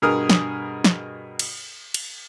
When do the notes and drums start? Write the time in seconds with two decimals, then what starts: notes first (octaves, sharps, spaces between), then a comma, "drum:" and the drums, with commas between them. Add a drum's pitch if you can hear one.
0.02 G2 B2 G#4 A#4 D#6 F6
0.29 drum: snare
0.84 drum: snare
1.39 drum: cymbal
1.94 drum: cymbal